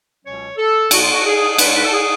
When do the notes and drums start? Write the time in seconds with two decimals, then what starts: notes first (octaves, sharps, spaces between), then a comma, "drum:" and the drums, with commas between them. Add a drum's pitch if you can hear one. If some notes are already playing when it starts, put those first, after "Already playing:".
0.24 C#2 B2 F#3 C#4 C#5
0.58 A4
0.91 G#2 F#3 B3 F#4, drum: cymbal
1.01 F4
1.11 F#4
1.25 G#4
1.58 G#2 G#3 D4 B4, drum: cymbal
1.67 C#5
1.76 B4
1.84 A4
1.92 G#4